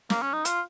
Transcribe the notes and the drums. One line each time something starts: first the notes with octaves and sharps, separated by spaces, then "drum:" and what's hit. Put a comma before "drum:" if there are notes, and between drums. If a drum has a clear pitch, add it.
A#3, drum: snare
C#4
D#4
F4, drum: hi-hat